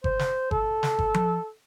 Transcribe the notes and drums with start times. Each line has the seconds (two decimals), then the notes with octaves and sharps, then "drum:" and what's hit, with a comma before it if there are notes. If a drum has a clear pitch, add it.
0.04 C5, drum: kick G1
0.19 drum: snare
0.51 A4, drum: kick G1
0.83 drum: snare
0.99 drum: kick G1
1.14 drum: tom F3